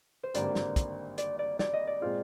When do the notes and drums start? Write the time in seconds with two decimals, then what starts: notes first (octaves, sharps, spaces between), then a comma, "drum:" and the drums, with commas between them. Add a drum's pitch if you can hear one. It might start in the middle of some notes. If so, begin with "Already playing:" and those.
0.23 C5
0.34 G#1 G2 D3 G3 A#3 D5, drum: hi-hat
0.55 drum: snare
0.76 drum: kick, hi-hat
1.18 D5, drum: hi-hat
1.39 D5
1.59 D5, drum: snare
1.73 D#5
1.87 D5
2.01 A#2 G#3 C4 F4 G#4